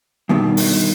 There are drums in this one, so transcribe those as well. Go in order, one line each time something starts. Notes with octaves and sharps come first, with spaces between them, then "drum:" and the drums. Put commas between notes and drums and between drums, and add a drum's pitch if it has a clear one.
E2 G2 B2 D#3
drum: open hi-hat